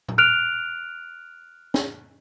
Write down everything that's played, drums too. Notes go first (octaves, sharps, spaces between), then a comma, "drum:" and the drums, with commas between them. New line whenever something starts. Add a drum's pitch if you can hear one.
drum: tom A#2
F6 F#6 D7 F7
drum: snare